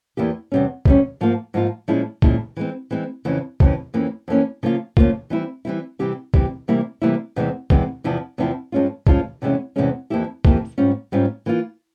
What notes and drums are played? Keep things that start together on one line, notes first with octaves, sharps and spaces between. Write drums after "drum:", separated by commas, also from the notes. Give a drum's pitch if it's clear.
E2 E3 A#3 E4 G4
E2 C3 G3 C#4
E2 C3 G3 C#4, drum: kick
G#2 F3 A#3 F4
G#2 F3 A#3 F4
A#2 F3 G#3 C#4 E4
A#2 F3 G#3 C#4 E4, drum: kick
E3 G#3 C4
E3 G#3 C4
F2 C#3 E3
F2 C#3 E3, drum: kick
F2 E3 A#3 C#4
F2 E3 A#3 C#4
C#3 F3 A#3 F4
C#3 F3 A#3 F4, drum: kick
E3 G3 C4 E4
E3 G3 C4 E4
C3 E3 G3 C4 G4
C3 E3 G3 C4 G4, drum: kick
C3 E3 G3 A#3 E4
C3 E3 G3 A#3 E4
E2 C3 E3 G#3 C4
E2 C3 E3 G#3 C4, drum: kick
E2 C3 F3 C4 E4
E2 C3 F3 C4 E4
G2 F3 G#3 C#4 F4
G2 F3 G#3 C#4 F4, drum: kick
E2 C3 E3 G#3 C#4
E2 C3 E3 G#3 C#4
F2 E3 A#3 E4 G4
F2 E3 A#3 E4 G4, drum: kick
G#2 G3 C#4 F4
G#2 G3 C#4 F4
E3 A#3 F4